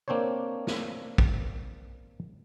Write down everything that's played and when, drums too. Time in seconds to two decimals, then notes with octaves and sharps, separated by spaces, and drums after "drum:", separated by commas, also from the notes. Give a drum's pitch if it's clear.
0.08 A#3 C4 D4 C5 C#5
0.67 drum: snare
1.18 drum: kick